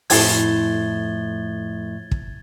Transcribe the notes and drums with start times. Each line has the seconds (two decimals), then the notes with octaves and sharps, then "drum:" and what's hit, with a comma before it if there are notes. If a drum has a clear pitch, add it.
0.10 F2 A2 E4 G#6 A6 G7, drum: open hi-hat
2.11 drum: kick